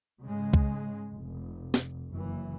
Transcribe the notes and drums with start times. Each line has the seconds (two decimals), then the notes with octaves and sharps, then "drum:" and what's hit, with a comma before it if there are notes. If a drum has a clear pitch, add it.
0.22 G#2 C#3 G#3
0.54 drum: kick C2
1.14 F1
1.74 drum: snare
2.11 F#1 E3